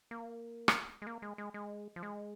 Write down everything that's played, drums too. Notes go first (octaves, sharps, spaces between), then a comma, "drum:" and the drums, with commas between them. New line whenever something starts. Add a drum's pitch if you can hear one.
A#3
drum: rim click
G#3
A#3
G#3
G#3
G#3
F3
G#3